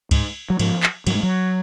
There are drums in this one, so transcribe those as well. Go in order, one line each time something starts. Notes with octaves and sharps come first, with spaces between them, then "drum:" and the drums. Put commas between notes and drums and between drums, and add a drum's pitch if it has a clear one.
G#2, drum: kick C#2, cymbal
F#3
G#2 F3, drum: cymbal
drum: clap
G#2 F#3, drum: cymbal
G#3
F#3